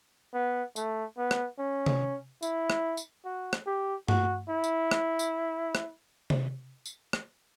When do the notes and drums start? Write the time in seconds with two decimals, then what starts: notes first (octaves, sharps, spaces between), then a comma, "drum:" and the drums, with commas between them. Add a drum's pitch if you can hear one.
0.34 B3
0.76 A3, drum: tambourine
1.18 B3
1.31 drum: rim click
1.59 C#4
1.86 drum: tom C3
2.42 E4, drum: tambourine
2.70 drum: rim click
2.97 drum: tambourine
3.25 F#4
3.53 drum: rim click
3.67 G4
4.08 F#4, drum: tom G2
4.49 E4
4.64 drum: tambourine
4.91 drum: rim click
5.19 drum: tambourine
5.75 drum: rim click
6.30 drum: tom C3
6.86 drum: tambourine
7.13 drum: rim click